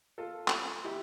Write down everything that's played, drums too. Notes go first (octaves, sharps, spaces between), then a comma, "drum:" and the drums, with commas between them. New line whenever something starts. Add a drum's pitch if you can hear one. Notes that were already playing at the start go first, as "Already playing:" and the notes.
F4 A4
drum: clap
E4 G4